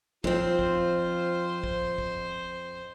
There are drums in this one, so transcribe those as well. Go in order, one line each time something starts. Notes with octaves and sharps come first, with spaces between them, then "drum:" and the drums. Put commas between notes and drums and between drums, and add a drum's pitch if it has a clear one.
F2 F3 C4 F4 C5, drum: kick
drum: kick
drum: kick
drum: kick